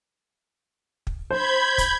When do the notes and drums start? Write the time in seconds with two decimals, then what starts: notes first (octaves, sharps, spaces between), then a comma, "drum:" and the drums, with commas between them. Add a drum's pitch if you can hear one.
1.07 drum: kick
1.31 C5 B5 G6 G#6
1.78 drum: kick, hi-hat